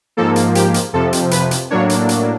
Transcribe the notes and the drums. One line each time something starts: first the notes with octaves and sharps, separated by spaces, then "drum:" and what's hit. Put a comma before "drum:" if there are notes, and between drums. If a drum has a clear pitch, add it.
G#2 F3 A#3 A4
drum: hi-hat
G4, drum: hi-hat
drum: hi-hat
F2 C3 F3 A4
drum: hi-hat
B4, drum: hi-hat
drum: hi-hat
A2 F#3 A#3 D4 C#5
drum: hi-hat
drum: hi-hat